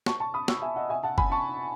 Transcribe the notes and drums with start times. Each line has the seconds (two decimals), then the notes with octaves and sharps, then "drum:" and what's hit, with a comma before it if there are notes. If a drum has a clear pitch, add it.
0.06 A5 C#6, drum: snare
0.20 A5 C#6
0.34 B5 D#6
0.48 C#6 E6, drum: snare
0.62 E5 G#5
0.76 D#5 F#5
0.89 E5 G#5
1.03 F#5 A5
1.18 G#5 B5, drum: kick
1.31 A5 C#6